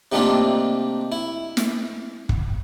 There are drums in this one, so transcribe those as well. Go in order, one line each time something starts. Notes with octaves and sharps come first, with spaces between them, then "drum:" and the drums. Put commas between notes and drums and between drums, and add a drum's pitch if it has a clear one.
C3 D#3 A3 A#3 D4 F4
E4
drum: snare
drum: kick